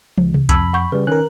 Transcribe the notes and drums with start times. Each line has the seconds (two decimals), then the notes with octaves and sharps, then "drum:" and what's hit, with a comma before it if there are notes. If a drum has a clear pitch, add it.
0.18 C#2, drum: tom
0.34 drum: tom C3
0.49 F2 A5 B5 E6 G#6, drum: kick C2, hi-hat
0.74 F#5 C#6 G6
0.92 C#3 G3 B4
1.07 D#3 C#4 A#4 F#6